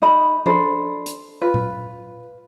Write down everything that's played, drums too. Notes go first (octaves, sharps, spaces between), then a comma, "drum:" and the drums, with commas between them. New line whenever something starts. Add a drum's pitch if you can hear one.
D#4 D#5 B5
D4 A4 C5 B5, drum: tom F3
drum: hi-hat
F4 B4
drum: tom A#2